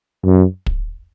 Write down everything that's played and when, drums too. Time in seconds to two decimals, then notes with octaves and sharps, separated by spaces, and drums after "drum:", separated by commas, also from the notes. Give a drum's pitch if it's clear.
0.24 F#2
0.66 drum: kick